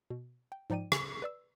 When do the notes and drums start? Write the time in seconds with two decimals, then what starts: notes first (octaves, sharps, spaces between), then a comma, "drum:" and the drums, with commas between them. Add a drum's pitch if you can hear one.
0.10 B2
0.52 G5
0.70 G#2 F3 D#4 D5 G5 D#7
0.92 C#3 G#5, drum: rim click
1.22 B4 D5 E6